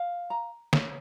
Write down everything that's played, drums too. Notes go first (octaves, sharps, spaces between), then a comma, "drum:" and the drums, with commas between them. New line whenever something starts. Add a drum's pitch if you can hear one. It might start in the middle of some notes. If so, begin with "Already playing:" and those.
Already playing: F5
A#5
C#5, drum: snare